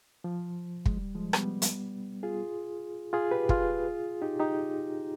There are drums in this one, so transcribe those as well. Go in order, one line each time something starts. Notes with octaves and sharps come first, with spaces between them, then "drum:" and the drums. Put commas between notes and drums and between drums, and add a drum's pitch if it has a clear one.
F3
G#3, drum: kick
G3
F3 G#3
G3 B3, drum: rim click
drum: hi-hat
F4 G#4
F4 G#4
G4 B4
F4 G#4, drum: kick
D#4 G4
D#4 G4